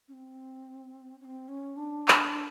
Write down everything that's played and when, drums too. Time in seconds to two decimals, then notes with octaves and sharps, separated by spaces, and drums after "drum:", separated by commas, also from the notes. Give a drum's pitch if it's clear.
0.08 C#4
0.13 C4
1.20 C#4
1.25 C4
1.48 C#4
1.76 D4
2.08 drum: clap